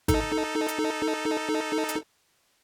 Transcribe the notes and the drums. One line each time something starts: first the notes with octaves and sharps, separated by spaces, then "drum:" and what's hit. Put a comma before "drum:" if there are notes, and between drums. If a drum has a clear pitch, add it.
D#4 A4, drum: kick, hi-hat
drum: hi-hat
drum: hi-hat